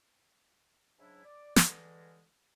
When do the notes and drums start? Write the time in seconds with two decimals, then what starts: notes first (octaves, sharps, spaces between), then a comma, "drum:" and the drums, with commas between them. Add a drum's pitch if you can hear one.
0.98 G#2 C#3 F#3 D4 E4
1.24 D5
1.56 D3 E3 G3 G#3, drum: snare